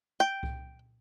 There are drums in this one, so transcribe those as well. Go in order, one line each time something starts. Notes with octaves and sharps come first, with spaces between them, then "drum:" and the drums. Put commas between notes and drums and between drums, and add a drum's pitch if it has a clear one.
G5
drum: kick C2